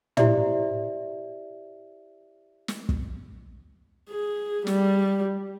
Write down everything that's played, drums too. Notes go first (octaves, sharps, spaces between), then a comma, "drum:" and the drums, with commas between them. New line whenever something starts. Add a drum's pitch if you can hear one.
E4 G4 C5 D5 E5, drum: tom
drum: snare
drum: kick
G#4
G3, drum: snare